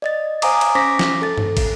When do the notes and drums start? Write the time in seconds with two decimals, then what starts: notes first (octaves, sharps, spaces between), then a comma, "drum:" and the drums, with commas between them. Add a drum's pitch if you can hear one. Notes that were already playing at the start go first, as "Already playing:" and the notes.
0.02 D5 D#5 A6
0.42 C5 F5 G#5 A#5 D6 D#6, drum: cymbal
0.61 drum: cymbal
0.75 C#4 C5 C#6 D6 A#6 B6
0.99 drum: snare
1.22 A4 A6
1.38 drum: tom G2
1.57 drum: kick, cymbal